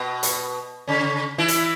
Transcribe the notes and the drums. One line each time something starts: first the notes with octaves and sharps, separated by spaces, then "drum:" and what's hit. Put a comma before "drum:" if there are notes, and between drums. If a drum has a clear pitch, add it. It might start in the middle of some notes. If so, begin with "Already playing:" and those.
Already playing: B2 B3
drum: hi-hat
C#3 C#4
E3 E4
drum: hi-hat